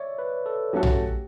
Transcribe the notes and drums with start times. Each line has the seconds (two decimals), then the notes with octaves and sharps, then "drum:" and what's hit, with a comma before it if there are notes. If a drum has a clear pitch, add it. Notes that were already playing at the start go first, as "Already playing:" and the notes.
Already playing: C#5 D5 E5
0.19 B4
0.46 A4
0.73 F#3 A3 C#4 F#4 G4 A4
0.83 drum: tom A#1